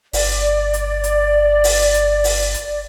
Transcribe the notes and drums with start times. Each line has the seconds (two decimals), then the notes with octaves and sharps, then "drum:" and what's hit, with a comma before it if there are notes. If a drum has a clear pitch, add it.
0.13 G1 D5, drum: open hi-hat
0.73 drum: hi-hat
1.04 drum: hi-hat
1.64 drum: open hi-hat
1.94 drum: hi-hat
2.24 drum: open hi-hat
2.54 drum: hi-hat